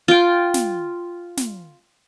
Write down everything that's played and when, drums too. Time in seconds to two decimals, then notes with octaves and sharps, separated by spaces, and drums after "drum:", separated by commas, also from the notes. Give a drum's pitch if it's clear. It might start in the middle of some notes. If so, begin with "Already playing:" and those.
0.08 F4 G5
0.54 drum: snare
1.37 drum: snare